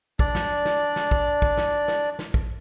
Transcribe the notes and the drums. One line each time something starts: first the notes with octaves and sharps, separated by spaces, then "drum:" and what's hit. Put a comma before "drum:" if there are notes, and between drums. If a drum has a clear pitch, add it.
D4 D5, drum: kick
drum: snare
drum: snare
drum: snare
drum: kick
drum: kick
drum: snare
drum: snare
drum: snare
drum: kick